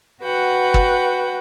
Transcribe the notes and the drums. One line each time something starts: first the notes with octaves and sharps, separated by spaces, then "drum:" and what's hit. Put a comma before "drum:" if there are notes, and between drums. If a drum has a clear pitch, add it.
F#4 B4 F#5 G5
drum: kick